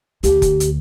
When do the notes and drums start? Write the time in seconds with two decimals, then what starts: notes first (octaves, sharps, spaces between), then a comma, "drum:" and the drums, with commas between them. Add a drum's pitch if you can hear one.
0.24 D2 G4, drum: hi-hat
0.42 drum: kick F1, hi-hat
0.60 drum: hi-hat